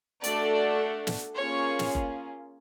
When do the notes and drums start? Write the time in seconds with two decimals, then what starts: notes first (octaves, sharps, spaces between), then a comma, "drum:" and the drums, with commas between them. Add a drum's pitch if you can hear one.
0.24 A3 D4 F#4 A4 D5, drum: hi-hat
1.07 drum: snare
1.35 A#3 C#4 F4 G#4 C#5
1.79 drum: snare
1.95 drum: kick F#1